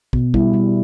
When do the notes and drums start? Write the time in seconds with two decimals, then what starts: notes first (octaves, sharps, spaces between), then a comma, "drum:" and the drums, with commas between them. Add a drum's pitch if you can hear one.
0.13 B2, drum: kick
0.34 G3 E4, drum: kick
0.53 G3